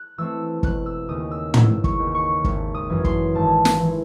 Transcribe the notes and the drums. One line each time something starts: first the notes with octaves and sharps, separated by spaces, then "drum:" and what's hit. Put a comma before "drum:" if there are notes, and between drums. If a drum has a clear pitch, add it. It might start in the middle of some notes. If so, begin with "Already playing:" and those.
Already playing: F#6
E3 A3 C4 E6
E1 F#6, drum: kick
E6
D#2 C#3 D#6
E6
E1 E6, drum: tom
C#6, drum: kick
D#2 C#3
C#6
G#1, drum: kick
D#6
F#2 E3
C6, drum: kick
G#1 A5
drum: snare
E3